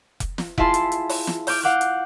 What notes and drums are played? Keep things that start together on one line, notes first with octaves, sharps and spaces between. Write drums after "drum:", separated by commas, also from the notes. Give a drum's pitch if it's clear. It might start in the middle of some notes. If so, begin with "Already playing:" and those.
drum: kick F1, hi-hat
drum: snare
E4 F4 G#4 E5 A5 C6, drum: kick F1
drum: hi-hat
drum: hi-hat
drum: open hi-hat
drum: snare
D6 F6 G6 G#6, drum: open hi-hat
F5 F#5 D6 F#6 G6
drum: hi-hat